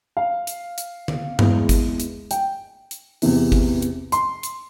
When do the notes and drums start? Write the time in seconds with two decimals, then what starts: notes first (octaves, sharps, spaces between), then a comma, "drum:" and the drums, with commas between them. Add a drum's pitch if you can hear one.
0.17 F5
0.47 drum: hi-hat
0.78 drum: hi-hat
1.08 drum: tom D3
1.39 E2 E3 G#3, drum: tom G2
1.69 drum: kick, hi-hat
2.00 drum: hi-hat
2.31 G5, drum: hi-hat
2.91 drum: hi-hat
3.22 E2 C3 E3, drum: open hi-hat
3.52 drum: kick
3.82 drum: hi-hat
4.12 C6, drum: hi-hat
4.43 drum: hi-hat